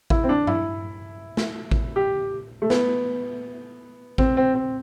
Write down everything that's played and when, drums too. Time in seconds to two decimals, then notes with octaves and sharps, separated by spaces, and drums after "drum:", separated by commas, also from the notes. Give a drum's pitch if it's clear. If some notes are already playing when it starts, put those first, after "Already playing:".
0.10 E4, drum: kick A1
0.24 C4
0.29 D4
0.47 E4, drum: tom G2
1.37 drum: snare
1.72 drum: kick A1
1.96 G4
2.62 A3
2.70 B3, drum: snare
4.18 C4, drum: kick A1
4.37 C4
4.55 C4